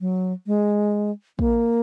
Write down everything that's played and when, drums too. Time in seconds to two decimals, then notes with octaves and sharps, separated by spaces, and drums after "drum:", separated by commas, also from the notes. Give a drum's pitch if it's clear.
0.01 F#3
0.47 G#3
1.39 A#3, drum: kick